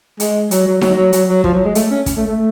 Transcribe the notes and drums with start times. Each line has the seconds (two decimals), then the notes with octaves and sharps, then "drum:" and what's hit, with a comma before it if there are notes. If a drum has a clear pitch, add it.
0.20 G#3, drum: hi-hat
0.51 F#3, drum: hi-hat
0.67 F#3
0.81 F#3, drum: snare D#4
0.97 F#3
1.13 F#3, drum: hi-hat
1.29 F#3
1.44 F3, drum: kick
1.54 F#3
1.65 G#3
1.75 A3, drum: hi-hat
1.91 C#4
2.06 drum: kick, hi-hat
2.17 A3
2.27 A3